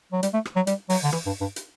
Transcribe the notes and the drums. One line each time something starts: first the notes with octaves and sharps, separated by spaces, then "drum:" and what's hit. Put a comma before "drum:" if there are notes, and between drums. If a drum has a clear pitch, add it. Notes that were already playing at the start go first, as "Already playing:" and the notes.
F#3
G3, drum: hi-hat
A3
drum: rim click
F#3
G3, drum: hi-hat
F#3, drum: open hi-hat
D3
E3, drum: rim click
G2
G2
drum: hi-hat